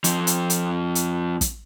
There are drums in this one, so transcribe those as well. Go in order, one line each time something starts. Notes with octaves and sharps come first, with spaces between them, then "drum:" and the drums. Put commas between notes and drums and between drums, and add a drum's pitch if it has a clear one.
F2 F3, drum: hi-hat
drum: hi-hat
drum: hi-hat
drum: hi-hat
drum: kick, hi-hat